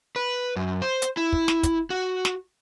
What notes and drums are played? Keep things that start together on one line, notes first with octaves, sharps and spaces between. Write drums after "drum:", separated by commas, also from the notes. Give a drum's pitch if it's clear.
B4
F#2
C5
drum: hi-hat
E4
drum: kick
drum: snare
drum: kick, hi-hat
F#4
drum: snare